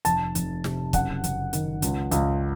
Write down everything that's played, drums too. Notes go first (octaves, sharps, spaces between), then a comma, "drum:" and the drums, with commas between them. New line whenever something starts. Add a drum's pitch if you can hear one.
F1 A5, drum: hi-hat
F1, drum: hi-hat
C3, drum: snare
F#1 F#5, drum: kick, hi-hat
F#1, drum: hi-hat
D#3, drum: hi-hat
C#2, drum: hi-hat
C#2, drum: hi-hat